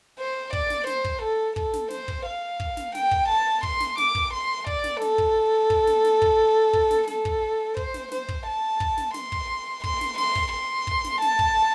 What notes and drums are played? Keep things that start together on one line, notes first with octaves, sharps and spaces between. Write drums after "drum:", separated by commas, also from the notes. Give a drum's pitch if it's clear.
C5
D5, drum: kick
drum: snare
C5, drum: snare
drum: kick
A4
A4, drum: kick
drum: snare
C5, drum: snare
drum: kick
F5
drum: kick
drum: snare
G5, drum: snare
drum: kick
A5
C6, drum: kick
drum: snare
D6, drum: snare
drum: kick
C6
D5, drum: kick
drum: snare
A4, drum: snare
drum: kick
drum: kick
drum: snare
drum: snare
drum: kick
drum: kick
drum: snare
A4, drum: snare
drum: kick
C5, drum: kick
drum: snare
C5, drum: snare
drum: kick
A5
drum: kick
drum: snare
C6, drum: snare
drum: kick
C6, drum: kick
drum: snare
C6, drum: snare
drum: kick
C6
drum: kick
drum: snare
A5, drum: snare
drum: kick